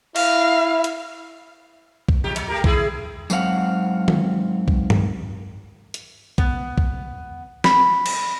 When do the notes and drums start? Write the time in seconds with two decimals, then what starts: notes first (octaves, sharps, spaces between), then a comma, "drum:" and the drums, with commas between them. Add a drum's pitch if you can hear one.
0.16 E4 F5, drum: cymbal
0.84 drum: hi-hat
2.09 drum: kick B1
2.24 E2 G4
2.36 F#3, drum: hi-hat
2.48 A3 G4 A#4
2.64 D#3 E4 G#4, drum: kick B1
3.30 G#2 F#3 C4 F5 F#5, drum: tambourine
4.08 drum: tom D#3
4.68 drum: kick B1
4.90 drum: tom G2
5.94 drum: hi-hat
6.38 B3, drum: kick B1
6.78 drum: kick B1
7.64 B5, drum: snare
8.06 drum: cymbal